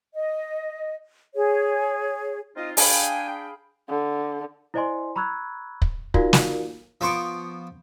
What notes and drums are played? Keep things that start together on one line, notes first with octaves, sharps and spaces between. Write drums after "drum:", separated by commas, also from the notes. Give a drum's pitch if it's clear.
D#5
G#4 C#5
C4 D#4 F4 D#5
D4 G#4 F5 G5 G#5 B5, drum: open hi-hat
D3
E4 C5 D5 D#5 G#5 C6
A#5 B5 C#6 E6 F#6 G#6
drum: kick
D#4 F4 F#4 A#4 D5 F5, drum: kick
drum: snare
F3 B3 C5 C#6 D6